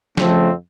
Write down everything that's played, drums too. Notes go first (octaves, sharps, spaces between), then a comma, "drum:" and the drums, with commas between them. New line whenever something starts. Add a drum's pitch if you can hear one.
F2 C#3 F3 A3 C4, drum: snare